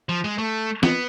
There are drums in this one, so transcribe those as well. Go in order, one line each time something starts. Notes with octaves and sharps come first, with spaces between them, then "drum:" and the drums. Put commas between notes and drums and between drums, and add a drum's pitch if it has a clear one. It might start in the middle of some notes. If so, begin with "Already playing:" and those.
F3
G#3
A3
B3, drum: snare